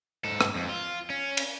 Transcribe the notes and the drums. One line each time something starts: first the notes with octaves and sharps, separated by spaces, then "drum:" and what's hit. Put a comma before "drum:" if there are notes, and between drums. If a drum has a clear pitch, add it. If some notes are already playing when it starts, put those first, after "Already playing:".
G#2 A4
drum: rim click
F2
F4
C#4
drum: cymbal